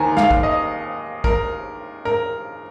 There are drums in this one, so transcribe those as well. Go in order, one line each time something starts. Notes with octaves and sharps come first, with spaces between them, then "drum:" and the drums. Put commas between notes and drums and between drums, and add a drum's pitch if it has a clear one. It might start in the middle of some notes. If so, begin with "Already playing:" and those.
Already playing: D#2 D#3 G#5 A#5
F5, drum: snare
drum: kick
D#5
A#4, drum: kick
A#4